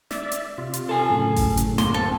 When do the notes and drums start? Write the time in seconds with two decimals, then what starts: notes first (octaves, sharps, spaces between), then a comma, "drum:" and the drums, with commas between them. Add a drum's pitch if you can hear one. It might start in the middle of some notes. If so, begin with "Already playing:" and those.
0.11 D5 E5, drum: snare
0.32 drum: hi-hat
0.58 C3 F4
0.73 drum: hi-hat
0.89 A4 G#5
1.09 F#2 A2 C#3
1.36 drum: kick G#1, open hi-hat
1.57 drum: hi-hat
1.78 A#3 C6, drum: snare
1.94 F#2 C4 A4